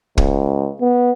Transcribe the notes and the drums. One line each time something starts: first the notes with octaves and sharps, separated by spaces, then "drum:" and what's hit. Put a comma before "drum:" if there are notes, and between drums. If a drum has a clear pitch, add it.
C#2, drum: kick
B3